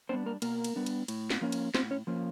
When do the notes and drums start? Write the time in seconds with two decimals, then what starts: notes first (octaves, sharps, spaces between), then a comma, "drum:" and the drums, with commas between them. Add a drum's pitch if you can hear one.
0.09 G3 B3 C4 D4 C5
0.26 A#3 A#4
0.42 B2 A#3 A#4, drum: cymbal
0.64 drum: cymbal
0.76 G3 B3 D4
0.86 drum: cymbal
1.08 A2, drum: cymbal
1.30 drum: snare
1.41 F3 A#3 C#4
1.52 drum: cymbal
1.75 A2 C4 C5, drum: snare
1.91 C#4 C#5
2.07 F3 A#3 C#4